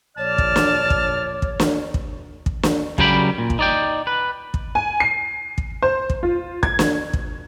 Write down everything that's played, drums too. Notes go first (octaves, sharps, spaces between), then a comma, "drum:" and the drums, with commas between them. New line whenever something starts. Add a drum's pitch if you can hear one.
A#1 C#5 D5 A5 F6
drum: kick
drum: snare
drum: kick
drum: kick
drum: snare
drum: kick
drum: kick
drum: snare
C#3 F#3 G3 A#4 G5 B5, drum: kick
A#2
drum: kick
D#4 D5 G5
B4
drum: kick
G#5
C7
drum: kick
C5
drum: kick
F4
G#6, drum: kick
drum: snare
drum: kick